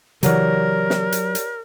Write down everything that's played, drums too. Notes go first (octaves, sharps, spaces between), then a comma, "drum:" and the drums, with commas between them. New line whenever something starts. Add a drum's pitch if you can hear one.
C#3 E3 F#3 G4 A#4 C#5 D5 F#5, drum: hi-hat
drum: snare
drum: hi-hat
drum: hi-hat